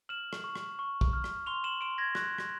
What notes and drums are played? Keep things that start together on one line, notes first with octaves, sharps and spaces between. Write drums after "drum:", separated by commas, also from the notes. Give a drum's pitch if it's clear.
F6 E7 F#7
drum: rim click
C#6
drum: rim click
C#6
drum: kick
F6
drum: rim click
C6 F7 G7
E7 F#7
C6 D7 E7
G#6 A#6
F#6, drum: rim click
drum: rim click